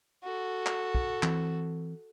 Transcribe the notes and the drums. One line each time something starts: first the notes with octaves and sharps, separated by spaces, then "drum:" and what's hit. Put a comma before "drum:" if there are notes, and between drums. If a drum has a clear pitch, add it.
F#4 A4
drum: clap
drum: kick
E3 C4, drum: clap